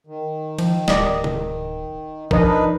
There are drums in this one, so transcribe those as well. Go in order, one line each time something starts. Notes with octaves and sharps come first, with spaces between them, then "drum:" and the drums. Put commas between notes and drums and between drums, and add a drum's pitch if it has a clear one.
D#3
F3, drum: cymbal
D1 D5 D#5, drum: snare
drum: tom
F3 D4 D#4 A#4 B4 D#5, drum: kick